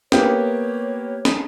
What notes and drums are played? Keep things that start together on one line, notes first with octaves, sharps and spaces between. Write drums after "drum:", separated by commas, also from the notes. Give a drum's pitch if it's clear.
A#3 B3 G4 C#5, drum: snare
drum: snare